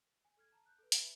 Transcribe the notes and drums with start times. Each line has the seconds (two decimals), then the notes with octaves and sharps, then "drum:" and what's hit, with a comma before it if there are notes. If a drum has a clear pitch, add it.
0.25 G#5
0.37 A4 F6 G#6
0.52 A5 A#5
0.66 F#6 G6
0.79 A4 B4
0.92 B4 E5 G#5 A5 B5 D7, drum: hi-hat